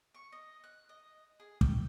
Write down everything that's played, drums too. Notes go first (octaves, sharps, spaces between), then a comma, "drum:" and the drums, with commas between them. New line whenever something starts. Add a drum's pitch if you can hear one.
C#6
D#5
F#6
D#5
G#4
G5, drum: kick